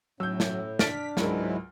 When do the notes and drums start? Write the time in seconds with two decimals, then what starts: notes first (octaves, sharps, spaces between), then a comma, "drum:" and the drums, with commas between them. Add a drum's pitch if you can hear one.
0.20 A2 F#3 C#4 E6 G6
0.40 drum: snare
0.79 D4 F6 A6 B6 D7, drum: snare
1.17 C#2 G#2 F#3 G#3 E4 A#4, drum: snare